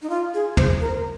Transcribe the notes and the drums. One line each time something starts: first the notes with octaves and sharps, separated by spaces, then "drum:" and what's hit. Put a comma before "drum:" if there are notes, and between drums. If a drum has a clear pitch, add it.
D#4
F4
G#4
C5, drum: tom
A#4